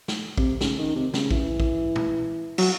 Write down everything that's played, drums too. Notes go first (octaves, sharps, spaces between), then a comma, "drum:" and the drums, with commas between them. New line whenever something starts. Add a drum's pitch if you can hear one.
drum: snare
C3, drum: kick
C#3, drum: snare
D#3
C3
C#3, drum: snare
E3, drum: kick
drum: kick
drum: tom A#2
F#3, drum: cymbal